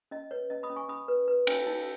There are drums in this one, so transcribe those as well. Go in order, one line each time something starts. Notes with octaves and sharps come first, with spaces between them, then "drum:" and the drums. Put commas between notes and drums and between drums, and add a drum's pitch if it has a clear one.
C#4 D#5
B4 C#5
C#4 D#5
B5 D#6
C#4
G#5 C#6
C#4 B5 D#6
B4
B4
C#4, drum: cymbal
D#4